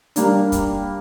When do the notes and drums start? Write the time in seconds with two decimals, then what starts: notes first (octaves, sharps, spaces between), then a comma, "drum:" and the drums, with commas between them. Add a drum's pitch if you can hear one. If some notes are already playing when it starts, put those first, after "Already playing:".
0.16 G3 A#3 D4, drum: hi-hat
0.52 drum: kick, hi-hat